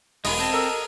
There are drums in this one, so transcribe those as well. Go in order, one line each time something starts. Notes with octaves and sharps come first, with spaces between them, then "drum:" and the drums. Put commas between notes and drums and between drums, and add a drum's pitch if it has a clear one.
E1 G#3 D#5 B5, drum: open hi-hat
C4 A5
A4 A#4 E6